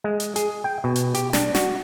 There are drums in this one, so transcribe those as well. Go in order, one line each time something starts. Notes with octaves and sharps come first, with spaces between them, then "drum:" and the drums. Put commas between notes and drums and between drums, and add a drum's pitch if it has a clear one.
G#3
drum: hi-hat
G#4, drum: hi-hat
G5
B2
drum: hi-hat
G4, drum: hi-hat
D4, drum: snare
F#4, drum: snare